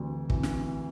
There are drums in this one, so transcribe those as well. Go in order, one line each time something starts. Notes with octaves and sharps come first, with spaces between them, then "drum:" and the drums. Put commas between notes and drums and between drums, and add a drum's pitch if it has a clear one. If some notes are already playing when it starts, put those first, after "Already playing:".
Already playing: D2 C3 E3
C3 E3, drum: kick
drum: snare